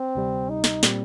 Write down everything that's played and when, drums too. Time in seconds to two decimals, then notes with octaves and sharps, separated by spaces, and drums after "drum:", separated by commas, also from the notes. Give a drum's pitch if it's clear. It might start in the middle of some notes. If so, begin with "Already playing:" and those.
Already playing: C4
0.15 D2 C3 G3
0.49 D#4
0.64 drum: snare
0.83 A#2 G3 C4, drum: snare